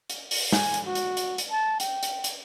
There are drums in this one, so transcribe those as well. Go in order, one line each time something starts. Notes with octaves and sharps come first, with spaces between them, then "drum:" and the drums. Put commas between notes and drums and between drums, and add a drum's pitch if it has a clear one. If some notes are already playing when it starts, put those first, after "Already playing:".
drum: hi-hat
drum: open hi-hat
G#5, drum: snare
drum: hi-hat
F#4
drum: hi-hat
drum: hi-hat
drum: hi-hat
A5
G5, drum: hi-hat
drum: hi-hat
drum: hi-hat